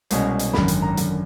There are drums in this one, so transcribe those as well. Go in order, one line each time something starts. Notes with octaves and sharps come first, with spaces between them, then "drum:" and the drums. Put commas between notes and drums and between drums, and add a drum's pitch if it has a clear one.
C2 B2 G#3 C#4, drum: hi-hat
drum: hi-hat
G#1 F#2 D3 B5, drum: snare
drum: hi-hat
A#5
G#1 F#2 D3, drum: hi-hat